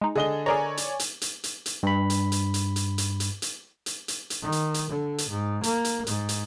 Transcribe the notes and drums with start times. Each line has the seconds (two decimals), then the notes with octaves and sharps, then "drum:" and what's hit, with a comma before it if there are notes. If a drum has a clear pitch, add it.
0.01 G#3 D#4
0.15 D3 G#4 A4 D#5 G7
0.46 G#4 A#4 C#5 D5 G#5 A#5
0.77 drum: hi-hat
0.99 drum: hi-hat
1.22 drum: hi-hat
1.44 drum: hi-hat
1.66 drum: hi-hat
1.83 G2 B5
2.10 drum: hi-hat
2.32 drum: hi-hat
2.54 drum: hi-hat
2.76 drum: hi-hat
2.98 drum: hi-hat
3.20 drum: hi-hat
3.42 drum: hi-hat
3.86 drum: hi-hat
4.08 drum: hi-hat
4.30 drum: hi-hat
4.42 D#3
4.52 drum: hi-hat
4.74 drum: hi-hat
4.90 D3
5.18 drum: hi-hat
5.30 G#2
5.63 A#3, drum: hi-hat
5.85 drum: hi-hat
6.07 G#2, drum: hi-hat
6.29 drum: hi-hat